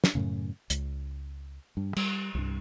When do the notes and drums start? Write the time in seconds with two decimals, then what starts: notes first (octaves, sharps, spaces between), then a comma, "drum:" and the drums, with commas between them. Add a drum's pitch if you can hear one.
0.04 drum: snare
0.15 F#2 A2 C#3
0.70 C#2, drum: hi-hat
1.77 G2
1.96 G3, drum: cymbal
2.35 C2 G2